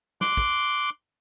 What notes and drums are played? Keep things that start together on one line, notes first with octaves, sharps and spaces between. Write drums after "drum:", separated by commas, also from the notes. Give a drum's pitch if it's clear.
C6 D6 F#6, drum: snare
drum: kick